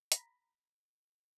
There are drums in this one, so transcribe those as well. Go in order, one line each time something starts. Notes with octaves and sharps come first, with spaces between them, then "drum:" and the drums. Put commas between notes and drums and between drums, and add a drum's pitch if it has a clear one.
A#5 B5, drum: hi-hat